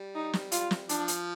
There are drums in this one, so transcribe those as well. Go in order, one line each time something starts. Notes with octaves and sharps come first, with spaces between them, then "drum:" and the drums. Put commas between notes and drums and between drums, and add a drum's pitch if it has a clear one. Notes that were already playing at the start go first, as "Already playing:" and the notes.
Already playing: G3
D#4
drum: snare
F4, drum: hi-hat
drum: snare
F3 D4, drum: hi-hat
drum: hi-hat